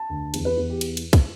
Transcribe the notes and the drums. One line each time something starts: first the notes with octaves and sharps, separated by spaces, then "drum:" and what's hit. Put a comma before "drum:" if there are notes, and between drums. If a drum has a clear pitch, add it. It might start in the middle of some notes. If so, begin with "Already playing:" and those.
Already playing: A5
D2
E2, drum: cymbal
B4
E2
G4
drum: cymbal
drum: cymbal
drum: kick, cymbal